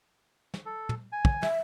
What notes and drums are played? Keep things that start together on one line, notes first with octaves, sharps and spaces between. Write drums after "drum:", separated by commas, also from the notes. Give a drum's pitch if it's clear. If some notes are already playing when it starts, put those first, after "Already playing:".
drum: snare
A4
drum: tom
G#5
drum: kick
E5, drum: snare